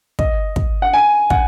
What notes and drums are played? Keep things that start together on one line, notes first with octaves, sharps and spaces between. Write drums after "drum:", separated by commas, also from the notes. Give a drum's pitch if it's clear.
D#5, drum: kick
drum: kick
F#5
G#5
F#5, drum: kick